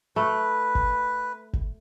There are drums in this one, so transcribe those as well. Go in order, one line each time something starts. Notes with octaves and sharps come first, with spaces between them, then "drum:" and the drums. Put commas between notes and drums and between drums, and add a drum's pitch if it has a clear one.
A3 B4
drum: kick G#1
drum: kick G#1